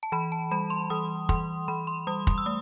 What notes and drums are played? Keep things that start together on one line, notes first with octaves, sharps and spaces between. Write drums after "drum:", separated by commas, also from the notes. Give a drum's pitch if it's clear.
A5
E3 B5
A5
G3 B5
C6
E3 D#6
E3 C6, drum: kick
E3 B5
C6
G3 D#6
C6, drum: kick
E6
A3 D#6